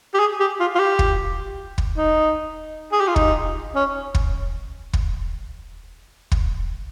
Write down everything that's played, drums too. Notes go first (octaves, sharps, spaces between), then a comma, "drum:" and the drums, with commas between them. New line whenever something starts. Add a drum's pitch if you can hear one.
G4
G#4
G4
F4
F4
G4
drum: kick
drum: kick
D#4
G#4
G4
F4
D#4, drum: kick
C#4
drum: kick
drum: kick
drum: kick